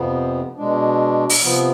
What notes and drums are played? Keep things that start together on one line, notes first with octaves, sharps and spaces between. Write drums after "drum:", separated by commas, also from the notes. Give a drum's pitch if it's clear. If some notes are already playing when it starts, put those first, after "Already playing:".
Already playing: F2 C3 F3 B3
B2 G#3 D4
drum: open hi-hat
C3 F3 B3